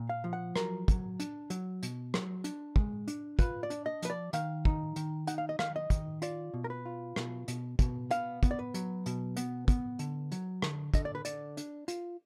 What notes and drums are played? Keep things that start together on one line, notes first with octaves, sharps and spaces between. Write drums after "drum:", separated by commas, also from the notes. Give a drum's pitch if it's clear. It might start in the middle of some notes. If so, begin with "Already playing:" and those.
Already playing: A#2
F5
F3
F#5
F#3 A#4, drum: rim click
F#3, drum: kick, hi-hat
D4, drum: hi-hat
F#3, drum: hi-hat
B2, drum: hi-hat
F#3, drum: rim click
D4, drum: hi-hat
G#3, drum: kick
D4, drum: hi-hat
F4 B4, drum: kick, hi-hat
D5
D4, drum: hi-hat
D#5
F3 B4, drum: hi-hat
D5
D#3 F5, drum: hi-hat
D#4, drum: kick
D#3, drum: hi-hat
D#4 F#5, drum: hi-hat
F5
D#5
D#3 F5, drum: rim click
D#5
D#3, drum: kick, hi-hat
F4 D5, drum: hi-hat
B2
A#4
B4
F4
B2, drum: rim click
B2, drum: hi-hat
B2, drum: kick, hi-hat
B3 F5, drum: hi-hat
B3, drum: kick, hi-hat
D5
B4
F#3, drum: hi-hat
B2, drum: hi-hat
B3, drum: hi-hat
B3, drum: kick, hi-hat
D3, drum: hi-hat
F#3, drum: hi-hat
D3, drum: rim click
D3 D#5, drum: kick, hi-hat
D5
B4
D3 D5, drum: hi-hat
D4, drum: hi-hat
F4, drum: hi-hat